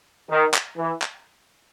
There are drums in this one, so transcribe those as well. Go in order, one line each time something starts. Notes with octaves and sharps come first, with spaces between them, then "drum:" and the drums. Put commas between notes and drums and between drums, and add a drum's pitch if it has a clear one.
D#3
drum: clap
E3
drum: clap